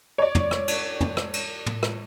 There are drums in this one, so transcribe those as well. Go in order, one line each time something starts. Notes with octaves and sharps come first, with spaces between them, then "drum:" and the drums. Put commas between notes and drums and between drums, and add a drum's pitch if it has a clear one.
C#5 D5
drum: tom
drum: rim click
drum: cymbal
drum: tom
drum: rim click
drum: cymbal
drum: tom
drum: rim click